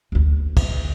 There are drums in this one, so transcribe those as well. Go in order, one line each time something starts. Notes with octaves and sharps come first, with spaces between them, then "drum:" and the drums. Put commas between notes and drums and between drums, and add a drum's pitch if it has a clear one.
F#1 D2
drum: kick, cymbal